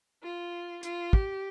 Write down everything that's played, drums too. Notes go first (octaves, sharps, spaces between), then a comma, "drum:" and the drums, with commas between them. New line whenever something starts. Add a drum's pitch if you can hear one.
F4
F4, drum: hi-hat
G4, drum: kick